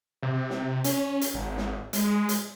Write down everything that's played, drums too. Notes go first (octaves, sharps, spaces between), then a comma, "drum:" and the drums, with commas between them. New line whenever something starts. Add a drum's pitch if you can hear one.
C3
drum: snare
C#4, drum: hi-hat
drum: hi-hat
G#1
drum: snare
G#3, drum: hi-hat
drum: hi-hat